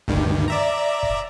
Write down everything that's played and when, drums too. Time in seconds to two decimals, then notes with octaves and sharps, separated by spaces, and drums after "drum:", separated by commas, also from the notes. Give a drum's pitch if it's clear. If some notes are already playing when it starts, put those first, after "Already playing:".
0.08 D2 G2 D#3, drum: kick
0.48 D5 E5 A#5
1.03 drum: kick